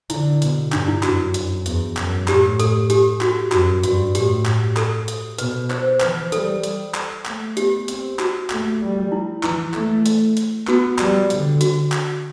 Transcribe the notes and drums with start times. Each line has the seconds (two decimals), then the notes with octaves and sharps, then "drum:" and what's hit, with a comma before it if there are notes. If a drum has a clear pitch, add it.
0.10 D3 E4, drum: hi-hat
0.42 B2, drum: hi-hat
0.73 G2 D4, drum: clap
0.88 E4
1.03 F#2 F#4, drum: clap
1.34 F#2, drum: hi-hat
1.66 E2, drum: hi-hat
1.97 F#2, drum: clap
2.28 A2 G4, drum: clap
2.60 A4, drum: hi-hat
2.90 G4, drum: hi-hat
3.21 F#4, drum: clap
3.52 F#2 F#4, drum: clap
3.83 G2 F#4, drum: hi-hat
4.15 A2 G4, drum: hi-hat
4.46 drum: clap
4.77 A4, drum: clap
5.08 drum: hi-hat
5.38 B2 B4, drum: hi-hat
5.71 C5, drum: clap
6.01 E3 B4, drum: clap
6.32 G3 A4, drum: hi-hat
6.63 drum: hi-hat
6.95 drum: clap
7.26 A3, drum: clap
7.57 B3 G4, drum: hi-hat
7.88 C4, drum: hi-hat
8.19 F#4, drum: clap
8.50 A3, drum: clap
8.81 G3
9.12 E4
9.43 E3 E4, drum: clap
9.74 A3, drum: clap
10.06 drum: hi-hat
10.37 drum: hi-hat
10.67 B3 F#4, drum: clap
10.99 G3, drum: clap
11.30 D3, drum: hi-hat
11.61 F#4, drum: hi-hat
11.92 drum: clap